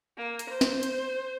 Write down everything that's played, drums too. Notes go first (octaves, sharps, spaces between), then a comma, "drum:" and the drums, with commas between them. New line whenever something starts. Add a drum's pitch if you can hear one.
A#3
drum: hi-hat
C5
drum: snare
drum: hi-hat